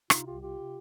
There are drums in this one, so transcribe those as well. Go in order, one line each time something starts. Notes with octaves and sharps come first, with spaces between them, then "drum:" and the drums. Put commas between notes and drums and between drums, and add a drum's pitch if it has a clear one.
C3 D#4 F4, drum: rim click
C2 F4 G4
C3 F4 G4
C3